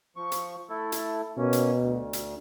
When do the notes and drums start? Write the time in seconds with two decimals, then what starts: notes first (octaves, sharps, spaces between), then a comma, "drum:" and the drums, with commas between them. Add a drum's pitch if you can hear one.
0.16 F3 C#6
0.32 drum: hi-hat
0.70 A3 E4 A4
0.92 drum: hi-hat
1.37 B2 A#3 C#4
1.53 drum: hi-hat
1.79 D2
2.13 drum: hi-hat